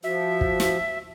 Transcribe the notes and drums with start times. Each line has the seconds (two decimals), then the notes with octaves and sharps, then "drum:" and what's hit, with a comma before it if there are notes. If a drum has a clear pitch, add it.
0.03 F3 F#4 E5
0.41 drum: kick
0.60 drum: snare